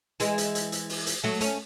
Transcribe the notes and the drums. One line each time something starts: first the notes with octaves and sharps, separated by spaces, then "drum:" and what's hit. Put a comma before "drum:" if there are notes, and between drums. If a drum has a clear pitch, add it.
E3 G#3, drum: hi-hat
drum: hi-hat
drum: hi-hat
drum: hi-hat
drum: open hi-hat
drum: hi-hat
F#3 A3
A3 C#4, drum: hi-hat